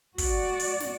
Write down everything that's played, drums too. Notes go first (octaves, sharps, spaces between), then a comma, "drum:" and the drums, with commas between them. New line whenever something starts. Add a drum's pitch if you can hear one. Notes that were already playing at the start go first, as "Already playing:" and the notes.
F#4 D5, drum: kick, open hi-hat
drum: open hi-hat
drum: snare